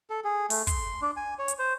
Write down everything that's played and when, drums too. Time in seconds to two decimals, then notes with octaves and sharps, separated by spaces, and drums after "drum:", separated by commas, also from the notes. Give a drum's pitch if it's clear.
0.10 A4
0.24 G#4
0.50 A3, drum: open hi-hat
0.67 C6, drum: kick, hi-hat
1.02 D4
1.17 G#5
1.39 C#5
1.48 drum: hi-hat
1.59 C5